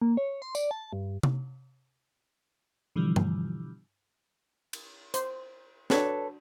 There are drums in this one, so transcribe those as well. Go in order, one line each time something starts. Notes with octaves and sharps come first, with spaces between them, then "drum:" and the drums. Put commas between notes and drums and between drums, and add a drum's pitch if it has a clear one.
A#3
C#5
C6
D5, drum: tambourine
A5
G2
drum: tom C3
B2 D3 E3 F3 G3
drum: tom G2
drum: cymbal
C5, drum: hi-hat
D4 F#4 A4 B4 C#5, drum: snare